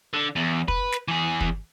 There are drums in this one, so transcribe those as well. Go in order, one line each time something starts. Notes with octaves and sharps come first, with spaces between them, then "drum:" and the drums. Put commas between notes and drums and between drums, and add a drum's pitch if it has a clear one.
D3
E2
B4, drum: kick
drum: snare
E3 G#4
drum: kick